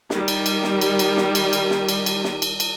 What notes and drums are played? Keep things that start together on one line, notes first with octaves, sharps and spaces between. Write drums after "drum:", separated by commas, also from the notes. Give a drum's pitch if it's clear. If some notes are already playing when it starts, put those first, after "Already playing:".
D#3 G3, drum: snare
drum: cymbal
drum: cymbal
drum: snare
drum: cymbal
drum: cymbal
drum: snare
drum: cymbal
drum: cymbal
drum: snare
drum: cymbal
drum: cymbal
drum: snare
drum: cymbal
drum: cymbal